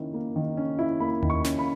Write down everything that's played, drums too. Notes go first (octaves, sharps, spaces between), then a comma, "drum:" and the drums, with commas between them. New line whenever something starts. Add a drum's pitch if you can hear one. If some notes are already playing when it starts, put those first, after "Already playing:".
Already playing: D#3 A#3 C#4 E4
A#3
D#3
C#4
E4
A#3 B5
D#3, drum: tom D#2
C#6
C#4, drum: snare
B5